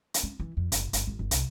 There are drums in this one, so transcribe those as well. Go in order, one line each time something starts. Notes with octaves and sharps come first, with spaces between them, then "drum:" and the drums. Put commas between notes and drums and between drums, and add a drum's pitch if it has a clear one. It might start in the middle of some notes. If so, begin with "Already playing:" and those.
drum: hi-hat
C#4
E3
F2
F#1, drum: hi-hat
G1, drum: hi-hat
A1
G1
C2, drum: hi-hat